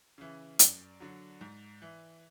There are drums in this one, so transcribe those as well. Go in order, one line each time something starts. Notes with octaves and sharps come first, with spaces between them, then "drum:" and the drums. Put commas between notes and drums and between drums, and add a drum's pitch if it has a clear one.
C#3 E3
F#2 D5, drum: hi-hat
D3 F#3
G#2
E3